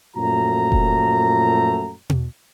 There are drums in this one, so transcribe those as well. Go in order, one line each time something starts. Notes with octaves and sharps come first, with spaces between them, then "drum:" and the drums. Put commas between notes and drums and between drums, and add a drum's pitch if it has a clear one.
F#2 A#2 F3 A3 F#4 A#5
drum: kick F1
drum: tom B2